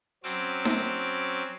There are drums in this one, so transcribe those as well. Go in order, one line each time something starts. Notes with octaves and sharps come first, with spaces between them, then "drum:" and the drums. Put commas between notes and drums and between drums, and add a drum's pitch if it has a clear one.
F#3 C4 C#4 D6 E6, drum: hi-hat
drum: snare D#4